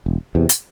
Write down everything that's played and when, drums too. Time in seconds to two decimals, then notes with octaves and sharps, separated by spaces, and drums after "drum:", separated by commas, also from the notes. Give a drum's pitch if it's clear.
0.06 E1
0.35 E2 C3
0.49 drum: hi-hat